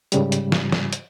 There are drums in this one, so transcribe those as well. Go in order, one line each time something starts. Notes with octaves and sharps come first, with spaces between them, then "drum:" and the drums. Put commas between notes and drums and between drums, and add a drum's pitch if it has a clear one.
G#2 C#3 G3, drum: hi-hat
drum: hi-hat
drum: snare
drum: snare
drum: hi-hat